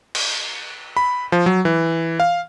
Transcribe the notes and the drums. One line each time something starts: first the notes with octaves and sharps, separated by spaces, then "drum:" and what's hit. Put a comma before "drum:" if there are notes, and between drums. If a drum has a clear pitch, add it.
drum: cymbal
B5
F3
F#3
E3
F5